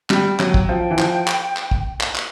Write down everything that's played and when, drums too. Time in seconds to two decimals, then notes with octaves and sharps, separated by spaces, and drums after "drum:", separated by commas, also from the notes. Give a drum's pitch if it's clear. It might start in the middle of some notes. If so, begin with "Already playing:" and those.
0.10 G3 G5, drum: clap
0.39 F#3, drum: clap
0.54 drum: kick
0.69 F3 G5
0.91 E3
0.99 F3, drum: clap
1.27 drum: clap
1.57 drum: clap
1.71 drum: kick
2.01 drum: clap
2.15 drum: clap